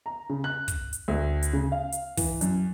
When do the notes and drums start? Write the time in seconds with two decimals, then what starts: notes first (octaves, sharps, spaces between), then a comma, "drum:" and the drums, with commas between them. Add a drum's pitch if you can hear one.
0.06 A#5
0.29 C#3
0.44 F#6
0.68 drum: kick, hi-hat
0.93 drum: hi-hat
1.08 D2
1.43 drum: hi-hat
1.53 C#3
1.72 F5
1.92 drum: hi-hat
2.17 E3, drum: kick, open hi-hat
2.41 F#2, drum: hi-hat